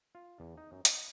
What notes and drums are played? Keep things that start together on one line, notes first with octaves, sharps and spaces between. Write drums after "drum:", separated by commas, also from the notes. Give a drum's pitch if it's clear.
F4
E2
D#4
F#2
D#5, drum: hi-hat